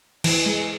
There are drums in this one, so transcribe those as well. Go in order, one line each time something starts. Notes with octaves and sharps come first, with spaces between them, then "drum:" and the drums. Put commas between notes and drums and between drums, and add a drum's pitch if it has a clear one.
E3, drum: cymbal
G#3